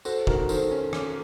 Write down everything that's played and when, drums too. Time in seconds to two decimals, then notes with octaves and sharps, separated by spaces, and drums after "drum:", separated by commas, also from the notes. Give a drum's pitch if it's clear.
0.05 F#4 A4 C5, drum: tambourine
0.27 D#3 F#4 A#4, drum: kick
0.49 D#3 A4 C5, drum: tambourine
0.71 C#4
0.93 C#4, drum: rim click